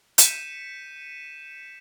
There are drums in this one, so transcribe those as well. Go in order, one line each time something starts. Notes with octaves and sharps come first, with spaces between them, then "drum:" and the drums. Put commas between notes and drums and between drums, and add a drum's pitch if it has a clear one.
G6 B6 C#7 D#7 E7, drum: hi-hat